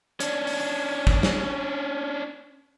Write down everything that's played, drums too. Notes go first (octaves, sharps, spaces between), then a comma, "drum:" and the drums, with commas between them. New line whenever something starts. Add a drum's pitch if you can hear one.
C#4 D4, drum: hi-hat
drum: open hi-hat
drum: kick
drum: snare